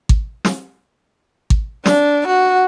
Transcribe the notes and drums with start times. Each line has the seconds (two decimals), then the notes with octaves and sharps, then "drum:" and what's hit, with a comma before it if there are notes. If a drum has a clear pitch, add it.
0.09 drum: kick G#1
0.45 drum: snare
1.50 drum: kick G#1
1.86 D4, drum: snare
2.27 F#4